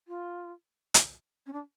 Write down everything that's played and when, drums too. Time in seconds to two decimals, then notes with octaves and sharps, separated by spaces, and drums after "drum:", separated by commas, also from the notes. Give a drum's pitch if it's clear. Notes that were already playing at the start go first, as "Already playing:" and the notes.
0.08 F4
0.94 drum: hi-hat
1.46 C#4
1.53 D4